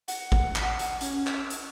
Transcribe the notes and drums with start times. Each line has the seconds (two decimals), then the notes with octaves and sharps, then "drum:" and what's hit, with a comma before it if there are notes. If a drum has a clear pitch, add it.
0.08 F#5, drum: hi-hat
0.32 drum: kick G#1
0.56 drum: clap
0.79 drum: hi-hat
1.01 C#4, drum: hi-hat
1.27 drum: clap
1.50 drum: hi-hat